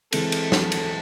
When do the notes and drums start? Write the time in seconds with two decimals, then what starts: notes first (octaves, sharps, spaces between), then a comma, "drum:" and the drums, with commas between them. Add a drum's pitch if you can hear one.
0.13 E3 G#3 C4 A4, drum: cymbal
0.32 drum: cymbal
0.52 drum: snare
0.72 drum: cymbal